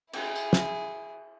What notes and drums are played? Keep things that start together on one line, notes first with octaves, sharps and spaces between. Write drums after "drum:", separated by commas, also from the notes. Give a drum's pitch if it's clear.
E4 G#4, drum: cymbal
drum: tambourine
drum: snare